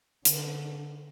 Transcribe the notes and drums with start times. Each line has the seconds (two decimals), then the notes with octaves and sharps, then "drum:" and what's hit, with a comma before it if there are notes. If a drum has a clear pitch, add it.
0.25 D3, drum: hi-hat